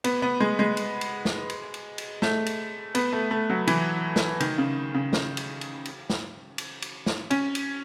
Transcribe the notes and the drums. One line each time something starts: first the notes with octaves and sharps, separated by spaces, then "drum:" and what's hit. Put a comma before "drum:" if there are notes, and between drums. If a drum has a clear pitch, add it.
B3, drum: cymbal
B3
G#3
G#3
drum: cymbal
drum: cymbal
drum: snare
drum: cymbal
drum: cymbal
drum: cymbal
A3, drum: snare
drum: cymbal
B3, drum: cymbal
A3
A3
F#3
E3, drum: cymbal
drum: snare
D#3, drum: cymbal
C#3
C#3
drum: snare
drum: cymbal
drum: cymbal
drum: cymbal
drum: snare
drum: cymbal
drum: cymbal
drum: snare
C#4, drum: cymbal
drum: cymbal